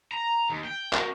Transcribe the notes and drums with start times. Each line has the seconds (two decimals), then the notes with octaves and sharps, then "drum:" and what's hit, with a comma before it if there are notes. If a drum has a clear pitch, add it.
0.12 A#5
0.50 D#2
0.65 G5
0.93 F#4 A#4, drum: clap